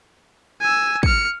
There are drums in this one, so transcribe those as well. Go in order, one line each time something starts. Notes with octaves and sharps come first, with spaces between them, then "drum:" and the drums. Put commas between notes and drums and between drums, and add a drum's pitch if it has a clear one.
G#5 E6
F6 C#7, drum: kick